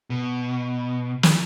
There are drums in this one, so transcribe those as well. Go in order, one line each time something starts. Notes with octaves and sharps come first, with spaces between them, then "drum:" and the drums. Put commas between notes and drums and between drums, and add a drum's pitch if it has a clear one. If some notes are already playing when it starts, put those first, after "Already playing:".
B2
drum: snare